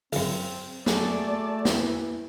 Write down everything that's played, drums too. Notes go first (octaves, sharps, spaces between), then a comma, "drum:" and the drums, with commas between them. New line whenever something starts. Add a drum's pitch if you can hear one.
C#2 F#2 C4, drum: open hi-hat
F#3 A3 G#4 A4 D5 A5, drum: snare
E3, drum: snare